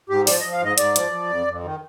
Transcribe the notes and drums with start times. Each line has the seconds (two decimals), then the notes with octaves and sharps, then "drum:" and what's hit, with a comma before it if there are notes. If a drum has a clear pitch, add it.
0.09 G#2 G4
0.27 F3 D5, drum: open hi-hat
0.40 D#5
0.44 F3
0.53 F5
0.61 G#2 D#5
0.78 G#2 D5, drum: hi-hat
0.96 F3, drum: hi-hat
1.12 F3
1.30 F2
1.47 F2
1.64 D#3